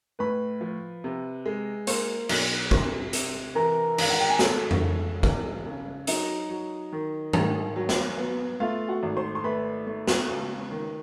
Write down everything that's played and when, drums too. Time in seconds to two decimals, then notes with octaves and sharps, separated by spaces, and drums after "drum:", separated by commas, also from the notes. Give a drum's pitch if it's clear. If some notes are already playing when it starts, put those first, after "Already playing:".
0.19 A2 B4 B5
0.61 F3
1.04 C3
1.46 G#3
1.87 A#3 C5 C6, drum: hi-hat
2.29 B1, drum: cymbal
2.71 C3 C5 C6, drum: kick
3.13 C3, drum: hi-hat
3.55 E3 A#4 A#5
3.98 G#1 F5, drum: cymbal
4.10 F#5
4.20 G5
4.30 G#5
4.39 G#3 A4 A5, drum: snare
4.71 drum: tom F2
4.81 G#3
5.23 E2, drum: kick
5.66 C#3
6.07 F#3 D#4 D#5, drum: hi-hat
6.50 F#3
6.93 D#3
7.33 D#3, drum: tom
7.76 F#3
7.89 drum: snare
8.18 B3
8.60 A3 F4 F5
8.88 F#4 F#5
9.03 G#1
9.17 C5 C6
9.35 C6
9.44 A3 B4 B5
9.87 A3
10.08 drum: snare
10.29 C#2
10.71 D#3